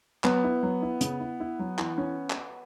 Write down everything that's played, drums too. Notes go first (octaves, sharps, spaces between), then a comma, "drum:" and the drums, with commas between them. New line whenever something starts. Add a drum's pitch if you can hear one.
F#3 B3, drum: clap
E4
F#3
E4
C#3, drum: hi-hat
E4
E4
F#3
E3, drum: clap
C#4
drum: clap